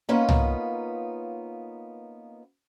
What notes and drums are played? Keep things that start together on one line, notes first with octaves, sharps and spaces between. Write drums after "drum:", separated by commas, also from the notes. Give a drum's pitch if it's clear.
A#3 B3 C#4 D#4 F4 B4
drum: tom C2